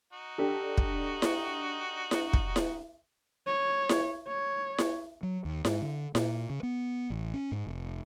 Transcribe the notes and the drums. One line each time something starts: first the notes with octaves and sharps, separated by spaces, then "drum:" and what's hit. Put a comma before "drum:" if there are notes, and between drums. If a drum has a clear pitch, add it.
D#4 F#4
D4 G4 A4
drum: kick
drum: snare E4
drum: snare E4
drum: kick
drum: snare E4
C#5
drum: snare E4
C#5
drum: snare E4
F#3
D#2
G#2, drum: snare E4
D3
A#2, drum: snare E4
C#3
B3
A1
C#4
G#2
F1